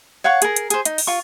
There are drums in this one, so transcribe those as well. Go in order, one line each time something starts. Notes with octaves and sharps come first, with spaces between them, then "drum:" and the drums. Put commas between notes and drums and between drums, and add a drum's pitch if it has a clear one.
C#5 F5 F#5 C#6
G#4 A#4, drum: hi-hat
drum: hi-hat
G#4 C5, drum: hi-hat
D#4, drum: hi-hat
drum: open hi-hat
F4 C#6